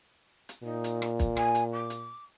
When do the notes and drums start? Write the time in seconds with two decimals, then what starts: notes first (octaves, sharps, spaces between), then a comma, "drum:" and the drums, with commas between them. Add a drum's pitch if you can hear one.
0.49 drum: hi-hat
0.63 A#2 D#4
0.84 drum: hi-hat
1.02 drum: rim click
1.19 drum: kick, hi-hat
1.37 G#5, drum: rim click
1.55 drum: hi-hat
1.72 D6
1.90 drum: hi-hat